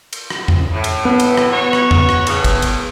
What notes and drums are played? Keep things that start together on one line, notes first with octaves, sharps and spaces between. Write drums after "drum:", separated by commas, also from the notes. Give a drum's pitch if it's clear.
drum: cymbal
drum: rim click
drum: tom E2
A2
drum: cymbal
B3
drum: cymbal
drum: rim click
F#4 C#5
drum: rim click
drum: tom E2
drum: rim click
A2 C#3, drum: cymbal
drum: kick, cymbal
drum: cymbal